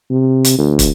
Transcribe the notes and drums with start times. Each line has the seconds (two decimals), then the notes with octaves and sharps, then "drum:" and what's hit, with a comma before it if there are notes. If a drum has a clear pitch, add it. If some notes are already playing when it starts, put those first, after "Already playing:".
0.10 C3
0.44 drum: hi-hat
0.58 D2
0.79 drum: kick, hi-hat